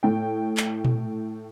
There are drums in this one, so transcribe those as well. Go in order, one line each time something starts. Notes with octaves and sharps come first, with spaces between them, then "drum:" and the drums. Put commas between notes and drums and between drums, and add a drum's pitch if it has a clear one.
A2 G5
drum: clap
drum: tom A#2